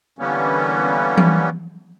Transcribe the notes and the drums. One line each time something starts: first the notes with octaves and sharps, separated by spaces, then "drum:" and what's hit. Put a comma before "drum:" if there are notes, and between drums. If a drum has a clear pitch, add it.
D3 E3 G3 A#3 B3 C#4
drum: tom E3